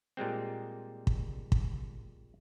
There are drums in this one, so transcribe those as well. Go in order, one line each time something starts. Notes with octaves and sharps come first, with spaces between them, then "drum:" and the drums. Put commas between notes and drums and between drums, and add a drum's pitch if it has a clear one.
A#2 G3 G#3 C4
drum: kick
drum: kick